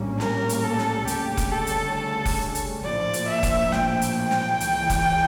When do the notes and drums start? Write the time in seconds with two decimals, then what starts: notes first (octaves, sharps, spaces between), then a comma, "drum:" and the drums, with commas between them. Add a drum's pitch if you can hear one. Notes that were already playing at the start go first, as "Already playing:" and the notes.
Already playing: A#1 A2 G3 A#3 C#4
0.20 A#4, drum: snare
0.49 drum: hi-hat
0.64 A4
0.79 drum: snare
1.07 D2 C#3 G3 C#4 G4, drum: hi-hat
1.37 drum: kick F1, hi-hat
1.52 A4
1.67 drum: hi-hat
1.96 A4
2.25 drum: kick F1, open hi-hat
2.55 drum: hi-hat
2.84 A#1 A2 F3 A#3 D5
3.14 drum: hi-hat
3.29 E5
3.43 drum: kick F1, hi-hat
3.72 G5, drum: snare
4.02 drum: hi-hat
4.16 G5
4.31 drum: snare
4.60 C#2 C#3 E3, drum: hi-hat
4.90 drum: kick F1, hi-hat